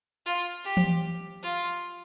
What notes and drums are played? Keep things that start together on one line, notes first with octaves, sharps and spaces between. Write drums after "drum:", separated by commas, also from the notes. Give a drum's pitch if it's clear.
F4
G4
drum: tom E3
F4